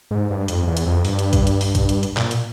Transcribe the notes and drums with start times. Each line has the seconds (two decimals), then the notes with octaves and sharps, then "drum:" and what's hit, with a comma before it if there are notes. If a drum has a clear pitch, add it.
0.11 G#2
0.30 G2
0.48 F2, drum: hi-hat
0.67 E2
0.77 drum: hi-hat
0.86 F2
1.05 G2, drum: open hi-hat
1.19 drum: hi-hat
1.33 drum: kick A#1, hi-hat
1.47 drum: hi-hat
1.61 drum: open hi-hat
1.75 drum: kick A#1, hi-hat
1.89 drum: hi-hat
2.03 drum: hi-hat
2.17 A#2, drum: clap
2.31 drum: hi-hat